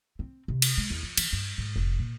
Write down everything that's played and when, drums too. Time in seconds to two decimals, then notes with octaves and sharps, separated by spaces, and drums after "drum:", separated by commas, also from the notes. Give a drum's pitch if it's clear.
0.19 C4
0.48 C3
0.62 drum: cymbal
0.78 G#3
0.90 E2
1.03 F2
1.17 E3, drum: cymbal
1.33 G2
1.58 G#2
1.76 F1
1.99 A#2